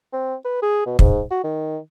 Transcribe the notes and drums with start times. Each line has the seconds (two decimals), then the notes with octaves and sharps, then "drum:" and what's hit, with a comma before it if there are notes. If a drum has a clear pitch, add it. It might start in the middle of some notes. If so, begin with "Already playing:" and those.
0.13 C4
0.45 B4
0.63 G#4
0.86 B2
0.99 G#2, drum: kick
1.31 F#4
1.44 D#3